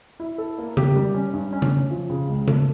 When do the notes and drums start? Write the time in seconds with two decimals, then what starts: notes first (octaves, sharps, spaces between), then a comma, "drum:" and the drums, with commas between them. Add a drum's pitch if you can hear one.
0.20 E4
0.38 A4
0.58 A#3
0.77 G4, drum: tom C#3
0.96 G3
1.14 C#4
1.34 G2
1.53 C#4
1.62 drum: tom C#3
1.72 C#4
1.91 F3
2.10 C#3
2.28 C#2
2.48 A4, drum: tom C#3